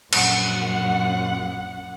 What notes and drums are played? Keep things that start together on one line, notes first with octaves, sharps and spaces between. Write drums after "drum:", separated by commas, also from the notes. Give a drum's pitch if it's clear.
A#1 F#2 F#5, drum: cymbal